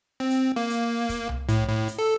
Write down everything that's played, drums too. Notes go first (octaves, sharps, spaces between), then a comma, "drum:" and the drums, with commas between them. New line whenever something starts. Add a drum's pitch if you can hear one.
C4
drum: hi-hat
A#3
drum: hi-hat
drum: kick, hi-hat
drum: tom C2
A2, drum: hi-hat
A2
drum: hi-hat
A4